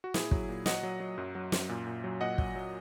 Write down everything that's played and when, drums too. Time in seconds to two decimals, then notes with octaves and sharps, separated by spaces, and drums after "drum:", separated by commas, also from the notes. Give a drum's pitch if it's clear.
0.04 F#4
0.14 A#2 E4 G#4, drum: snare
0.31 F#3, drum: kick
0.49 A#2
0.66 F#3 D#5 F#5, drum: snare
0.83 F#3
1.00 F#3
1.18 F#2
1.35 F#3
1.52 F#2, drum: snare
1.69 A#2
1.87 A#2
2.04 F#3
2.21 A#2 D#5 F#5
2.38 F#3, drum: kick
2.56 F#3